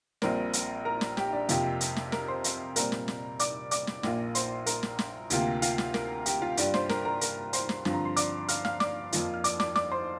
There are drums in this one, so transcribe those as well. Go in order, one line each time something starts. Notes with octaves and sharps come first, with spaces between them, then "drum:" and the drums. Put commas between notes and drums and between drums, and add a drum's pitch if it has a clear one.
A#1 A#2 G3 C4 A#4, drum: snare
drum: hi-hat
A#4 A#5
drum: snare
G4 G5, drum: snare
D4 D5
F2 C3 A#3 F4 G4 G5, drum: hi-hat
drum: hi-hat
drum: snare
A#4 A#5, drum: snare
C5 C6
drum: hi-hat
A#2 G3 C4 A#4 A#5, drum: hi-hat
drum: snare
drum: snare
D5 D6, drum: hi-hat
D5 D6, drum: hi-hat
drum: snare
A#1 A#2 A#3 F4, drum: snare
C5 C6, drum: hi-hat
A#4 A#5, drum: hi-hat
drum: snare
drum: snare
D2 C3 A#3 F4 G4 G5, drum: hi-hat
F4 F5, drum: hi-hat
drum: snare
A#4 A#5, drum: snare
G4 G5, drum: hi-hat
F4 F5
G2 G3 D4 F4 G4 G5, drum: hi-hat
C5 C6, drum: snare
A#4 A#5, drum: snare
A#4 A#5
A#4 A#5, drum: hi-hat
C5 C6, drum: hi-hat
drum: snare
G2 D3 F3 C4 F4, drum: snare
A#5
C6
D5 D6, drum: hi-hat
F5 F6, drum: hi-hat
F5 F6, drum: snare
D5 D6, drum: snare
F2 F3 A#3 F4, drum: hi-hat
F6
D5 D6, drum: hi-hat
D5 D6, drum: snare
D5 D6, drum: snare
C5 C6